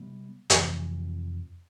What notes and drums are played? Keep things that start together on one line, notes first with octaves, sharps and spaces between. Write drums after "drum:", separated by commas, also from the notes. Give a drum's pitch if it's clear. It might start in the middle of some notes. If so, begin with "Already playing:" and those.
Already playing: C3 G3 B3
F2 C3 E3, drum: hi-hat